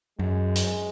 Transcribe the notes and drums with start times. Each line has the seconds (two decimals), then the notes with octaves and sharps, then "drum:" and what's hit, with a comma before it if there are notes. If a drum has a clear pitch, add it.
0.19 F#2 G#3
0.56 drum: hi-hat